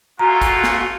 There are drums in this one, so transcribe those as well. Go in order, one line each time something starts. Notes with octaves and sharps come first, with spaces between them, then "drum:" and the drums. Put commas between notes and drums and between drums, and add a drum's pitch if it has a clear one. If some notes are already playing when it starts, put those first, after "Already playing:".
A3 A#3 F4 F#4 F5 G#5 A#5
drum: kick, hi-hat
drum: snare